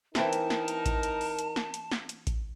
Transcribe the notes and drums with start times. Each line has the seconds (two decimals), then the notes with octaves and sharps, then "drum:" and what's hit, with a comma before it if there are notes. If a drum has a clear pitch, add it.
0.15 E3 C4 D#4 E4 A#4 A5, drum: snare
0.33 drum: hi-hat
0.50 drum: snare
0.68 drum: hi-hat
0.86 drum: kick A1, hi-hat
1.03 drum: hi-hat
1.21 drum: open hi-hat
1.39 drum: hi-hat
1.56 drum: snare
1.74 drum: hi-hat
1.92 drum: snare
2.09 drum: hi-hat
2.27 drum: kick A1, hi-hat